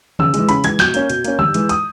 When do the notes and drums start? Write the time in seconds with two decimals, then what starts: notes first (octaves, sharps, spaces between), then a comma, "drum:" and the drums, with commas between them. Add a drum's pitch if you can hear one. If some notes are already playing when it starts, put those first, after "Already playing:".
0.19 C#3 E6, drum: tom D3
0.34 E3 G#3, drum: hi-hat
0.49 C#3 B5, drum: hi-hat
0.64 E3 G#3 G#6, drum: hi-hat
0.79 B2 G6, drum: snare
0.94 A#3 C#4, drum: hi-hat
1.10 B2, drum: hi-hat
1.24 A#3 C#4, drum: hi-hat
1.39 G2 E6, drum: tom D3
1.54 E3 G#3, drum: hi-hat
1.69 D#6, drum: hi-hat